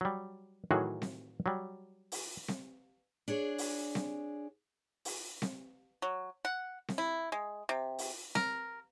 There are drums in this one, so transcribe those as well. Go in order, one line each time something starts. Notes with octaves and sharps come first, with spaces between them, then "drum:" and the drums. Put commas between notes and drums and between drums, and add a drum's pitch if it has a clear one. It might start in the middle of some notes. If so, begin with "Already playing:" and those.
F#3 G3
A2 D#3 E3 F#3 F#4 G#4
drum: snare C4
F#3 G3
drum: open hi-hat
drum: snare C4
D4 G#4 C#5
drum: open hi-hat
drum: snare C4
drum: open hi-hat
drum: snare C4
F#3
F#5
drum: snare C4
E4
G#3
C3
drum: open hi-hat
A#4, drum: snare C4